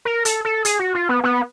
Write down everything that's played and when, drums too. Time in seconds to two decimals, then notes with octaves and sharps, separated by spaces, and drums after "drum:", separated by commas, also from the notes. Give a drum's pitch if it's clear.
0.05 A#4
0.25 A4, drum: hi-hat
0.45 A4
0.65 G#4, drum: hi-hat
0.79 F#4
0.95 F4
1.09 B3
1.24 B3